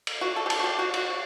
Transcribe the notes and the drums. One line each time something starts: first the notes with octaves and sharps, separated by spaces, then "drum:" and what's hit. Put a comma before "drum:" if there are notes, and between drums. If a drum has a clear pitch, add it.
drum: cymbal
F#4
A4
G4
A4, drum: cymbal
F#4
G4
F#4
F#4, drum: cymbal